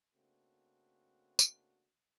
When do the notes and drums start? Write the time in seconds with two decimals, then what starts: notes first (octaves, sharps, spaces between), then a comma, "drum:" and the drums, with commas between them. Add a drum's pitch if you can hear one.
0.15 C#3 A3 A#3 C4 D4 F#4
1.39 drum: tambourine